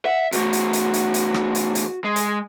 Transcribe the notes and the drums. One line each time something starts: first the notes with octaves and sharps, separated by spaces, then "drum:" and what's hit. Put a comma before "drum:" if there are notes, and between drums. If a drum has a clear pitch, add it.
E5 F#5
E2 A3 F#4, drum: hi-hat
drum: hi-hat
drum: hi-hat
drum: hi-hat
drum: hi-hat
drum: rim click
drum: hi-hat
drum: hi-hat
G#3
drum: hi-hat